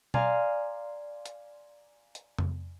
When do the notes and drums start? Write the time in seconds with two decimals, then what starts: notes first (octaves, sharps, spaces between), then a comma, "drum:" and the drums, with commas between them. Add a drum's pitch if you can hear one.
0.14 D5 F5 G#5 A#5 C6, drum: tom B2
1.26 drum: hi-hat
2.15 drum: hi-hat
2.39 drum: tom F2